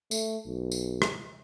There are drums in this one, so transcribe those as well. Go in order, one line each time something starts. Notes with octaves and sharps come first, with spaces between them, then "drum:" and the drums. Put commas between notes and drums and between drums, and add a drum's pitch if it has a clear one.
A3, drum: tambourine
B1
drum: tambourine
drum: rim click